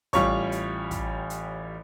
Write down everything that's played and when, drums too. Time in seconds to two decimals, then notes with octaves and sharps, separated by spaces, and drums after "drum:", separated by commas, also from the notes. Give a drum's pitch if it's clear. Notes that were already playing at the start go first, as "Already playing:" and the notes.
0.13 A1 G3 F4 C#5 C#6, drum: kick, hi-hat
0.52 drum: hi-hat
0.91 drum: kick, hi-hat
1.30 drum: hi-hat